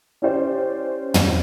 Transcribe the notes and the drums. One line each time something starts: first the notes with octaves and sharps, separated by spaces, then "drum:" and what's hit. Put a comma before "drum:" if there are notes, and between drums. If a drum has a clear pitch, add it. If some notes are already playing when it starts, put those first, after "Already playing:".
C#4 E4 G4 C5 D5
drum: tom